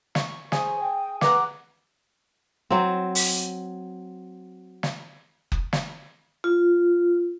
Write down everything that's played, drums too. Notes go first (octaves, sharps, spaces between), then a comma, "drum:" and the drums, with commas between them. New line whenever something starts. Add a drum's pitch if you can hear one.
C#6, drum: snare
G#4 C5, drum: snare
G5
B4 F#5 A#5 D6, drum: snare
F#3 C4
drum: open hi-hat
drum: snare
drum: kick F#1
drum: snare
F4